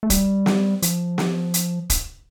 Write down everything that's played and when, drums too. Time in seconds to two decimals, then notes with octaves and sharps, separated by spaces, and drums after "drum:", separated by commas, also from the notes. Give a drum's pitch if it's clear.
0.03 A3
0.10 G3, drum: kick, hi-hat
0.46 drum: snare
0.82 F3, drum: hi-hat
1.18 drum: snare
1.54 drum: hi-hat
1.90 drum: kick, hi-hat